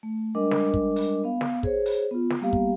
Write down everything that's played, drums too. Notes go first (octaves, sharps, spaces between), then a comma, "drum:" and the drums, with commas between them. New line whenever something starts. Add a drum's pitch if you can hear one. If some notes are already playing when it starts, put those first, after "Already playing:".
A3
G3 G#3 D4 A#4 D#5 D6
drum: snare
drum: kick
drum: open hi-hat
B3 F5
drum: snare
G#4 C5 C#5, drum: kick
drum: open hi-hat
B3 F4
drum: snare
G3 A#3 B3 G4 F5
drum: kick